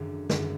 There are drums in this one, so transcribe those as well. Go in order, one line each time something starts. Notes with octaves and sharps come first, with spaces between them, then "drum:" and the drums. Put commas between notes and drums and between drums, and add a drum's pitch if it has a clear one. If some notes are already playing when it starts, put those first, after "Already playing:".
Already playing: G#1 F#2 D3
G#1 F#2 D3, drum: snare